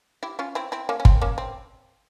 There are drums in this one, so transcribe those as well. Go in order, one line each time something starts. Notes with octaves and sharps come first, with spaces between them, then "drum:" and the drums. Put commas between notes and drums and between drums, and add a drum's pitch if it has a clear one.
E4 G4
C#4 F4
C4 E4
C4 E4
A#3 C#4
C#4
C4, drum: kick G1
A#3 C#4
C4